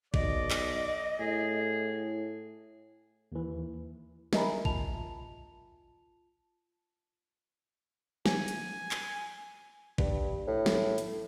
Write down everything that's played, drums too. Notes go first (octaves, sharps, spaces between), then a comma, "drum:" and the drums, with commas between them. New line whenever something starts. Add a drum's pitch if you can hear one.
B1 D5 D#5, drum: kick G#1
drum: clap
A2 G#4
D#2 E3
A#4 D#5 E5 G#5 A#5 B5, drum: snare
F4 A5 F7, drum: kick G#1
G#5, drum: snare
drum: hi-hat
drum: clap
G2, drum: kick G#1
A2
drum: snare
drum: hi-hat